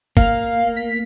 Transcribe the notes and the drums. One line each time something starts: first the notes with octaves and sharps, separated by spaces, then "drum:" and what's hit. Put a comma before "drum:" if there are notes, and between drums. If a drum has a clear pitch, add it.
A#3 F5, drum: kick
B6